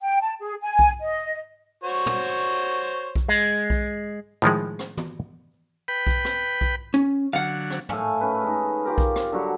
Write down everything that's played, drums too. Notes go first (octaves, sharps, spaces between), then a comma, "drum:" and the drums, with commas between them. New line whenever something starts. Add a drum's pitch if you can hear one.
G5
A5
G#4
G#5
drum: kick B1
D#5
F#4 C5 C#5
drum: tom
drum: kick B1
G#3
drum: kick B1
A2 D#3 F3 G#3
drum: rim click
drum: tom
B4 G5 B5
drum: kick B1
drum: rim click
drum: kick B1
C#4
D3 F#3 F5 F#5
drum: rim click
A2 A3 F5 G#5, drum: tom
C#4 B4
G#3 D#4
F4 G4 A#4
drum: kick B1
drum: rim click
D3 F#3 G3 F#4